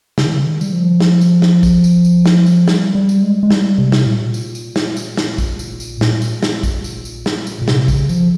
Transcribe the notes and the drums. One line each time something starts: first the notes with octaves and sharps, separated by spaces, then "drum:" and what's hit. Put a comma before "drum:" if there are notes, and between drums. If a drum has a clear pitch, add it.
C#3, drum: snare
D#3
C#3
D#3
G3, drum: tambourine
F3
drum: snare
drum: tambourine
drum: snare
drum: kick, tambourine
drum: tambourine
drum: tambourine
drum: snare
drum: tambourine
G3, drum: snare
G3
drum: tambourine
G#3
G#3
G3, drum: snare
C3
drum: snare
A#2
drum: tambourine
drum: tambourine
drum: snare
drum: tambourine
drum: snare
drum: kick, tambourine
drum: tambourine
drum: tambourine
A#2, drum: snare
drum: tambourine
drum: snare
drum: kick, tambourine
drum: tambourine
drum: tambourine
drum: snare
drum: tambourine
A#2
C3, drum: snare
C#3, drum: kick, tambourine
F3, drum: tambourine